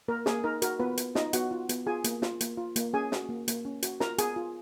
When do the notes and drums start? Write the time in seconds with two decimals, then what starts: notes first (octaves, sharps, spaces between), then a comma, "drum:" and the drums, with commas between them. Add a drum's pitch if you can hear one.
0.08 A#3 A#4
0.26 A#3 G#4, drum: snare
0.44 D#4 A#4
0.62 F#4 A#4, drum: hi-hat
0.80 B3 F4 B4
0.97 B3, drum: hi-hat
1.15 D#4 F4 D#5, drum: snare
1.33 B3 F#4 F#5, drum: hi-hat
1.51 F4
1.69 B3, drum: hi-hat
1.87 F4 G#4 G#5
2.04 A#3, drum: hi-hat
2.22 F4, drum: snare
2.41 A#3, drum: hi-hat
2.58 F4
2.76 A#3, drum: hi-hat
2.93 C#4 G#4 G#5
3.12 F#4, drum: snare
3.29 A#3
3.48 A#3, drum: hi-hat
3.65 C#4
3.83 F#4, drum: hi-hat
4.00 F4 A#4 A#5, drum: snare
4.18 B3 G#4 G#5, drum: hi-hat
4.36 F4